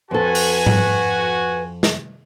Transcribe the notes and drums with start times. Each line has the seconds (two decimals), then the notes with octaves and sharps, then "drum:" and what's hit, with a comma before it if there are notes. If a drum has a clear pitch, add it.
0.11 F2 F#4 A4 B4 G#5
0.35 drum: open hi-hat
0.66 drum: tom G#2
1.83 drum: snare